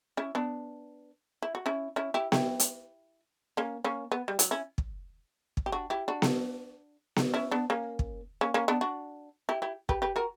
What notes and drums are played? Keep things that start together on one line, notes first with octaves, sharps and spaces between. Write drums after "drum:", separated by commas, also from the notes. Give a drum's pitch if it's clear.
C#4 E4
B3 D4
E4
F#4
C#4 E4
C#4 E4
E4 G4
E4 G4, drum: snare B3
drum: hi-hat
A#3 C#4
A#3 C#4
B3
G3
F#3, drum: hi-hat
C#4 E4
drum: kick
drum: kick
G4
D4 F#4
E4 G4
D4 F#4
drum: snare B3
drum: snare B3
C#4 E4
B3 D4
A#3 C#4
drum: kick
A#3 C#4
A#3 C#4
B3 D4
D4 F#4
E4 G4
E4 G4
G4 B4, drum: kick
G4 B4
F#4 A#4